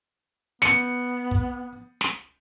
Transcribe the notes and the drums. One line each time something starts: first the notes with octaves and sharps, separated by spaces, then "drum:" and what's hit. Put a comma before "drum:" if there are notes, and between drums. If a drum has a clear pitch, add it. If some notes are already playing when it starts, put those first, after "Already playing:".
B3 C#7, drum: snare
drum: kick
drum: snare